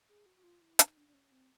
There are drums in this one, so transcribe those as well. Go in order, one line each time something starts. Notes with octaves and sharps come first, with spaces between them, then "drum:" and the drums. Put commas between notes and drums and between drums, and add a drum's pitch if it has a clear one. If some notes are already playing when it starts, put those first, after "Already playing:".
G#4
F#4
F#4
F4
E4
D#4, drum: hi-hat
D4
D4
C#4
C4